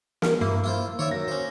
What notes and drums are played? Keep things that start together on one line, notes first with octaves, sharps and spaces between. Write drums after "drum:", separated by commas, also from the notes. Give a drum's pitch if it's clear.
A#4, drum: snare
G2 A#3 E4
E4 F4 C5
D#3 C#5 D5 E5
F#2 A#6
C#4 C5